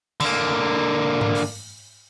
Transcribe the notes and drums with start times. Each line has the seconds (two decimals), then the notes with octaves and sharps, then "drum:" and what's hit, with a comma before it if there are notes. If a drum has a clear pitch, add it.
0.20 D3 A#3, drum: cymbal
1.21 drum: tom G#2
1.35 drum: open hi-hat